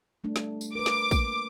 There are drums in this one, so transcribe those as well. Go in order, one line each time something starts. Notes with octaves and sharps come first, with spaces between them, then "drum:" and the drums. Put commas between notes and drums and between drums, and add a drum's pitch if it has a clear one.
G3 A3 D4
drum: snare
drum: tambourine
A#4 B4 D6
drum: snare
A#3, drum: kick, tambourine